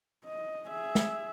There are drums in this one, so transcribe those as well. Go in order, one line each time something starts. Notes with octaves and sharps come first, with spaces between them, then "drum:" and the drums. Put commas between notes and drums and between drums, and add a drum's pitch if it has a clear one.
D#5
G#4 E5
drum: snare